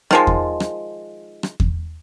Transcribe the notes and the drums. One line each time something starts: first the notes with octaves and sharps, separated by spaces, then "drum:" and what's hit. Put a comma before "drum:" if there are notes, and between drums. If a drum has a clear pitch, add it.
D#3 F3 G#3, drum: rim click
drum: kick E2
drum: rim click
drum: rim click
drum: kick E2